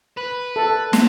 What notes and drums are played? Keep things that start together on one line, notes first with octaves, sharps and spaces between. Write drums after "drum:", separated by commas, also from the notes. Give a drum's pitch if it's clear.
B4
A4
B3 C4, drum: snare